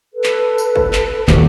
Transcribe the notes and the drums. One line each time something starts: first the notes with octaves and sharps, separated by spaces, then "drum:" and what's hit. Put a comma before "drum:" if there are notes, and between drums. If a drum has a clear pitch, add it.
A4 B4
drum: clap
drum: tambourine
drum: kick
drum: clap
D#1 D#2 F#4 A4 D6, drum: clap